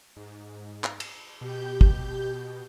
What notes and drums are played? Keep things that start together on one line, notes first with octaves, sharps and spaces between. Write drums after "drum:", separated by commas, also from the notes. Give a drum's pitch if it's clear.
G#2
drum: clap
drum: cymbal
B2 G4 G6
drum: kick